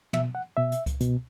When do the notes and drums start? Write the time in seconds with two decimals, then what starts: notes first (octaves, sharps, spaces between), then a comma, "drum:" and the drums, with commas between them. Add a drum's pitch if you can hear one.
0.13 B2 E5, drum: tom
0.35 F#5
0.57 B2 E5
0.72 drum: hi-hat
0.86 drum: kick C#2, hi-hat
1.00 B2, drum: hi-hat